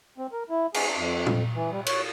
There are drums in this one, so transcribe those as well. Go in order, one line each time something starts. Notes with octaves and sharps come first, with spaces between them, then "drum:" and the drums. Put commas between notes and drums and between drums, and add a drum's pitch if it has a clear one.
C4
A#4
E4
G#4, drum: cymbal
F2
drum: tom A#2
E3
G3
C#5, drum: cymbal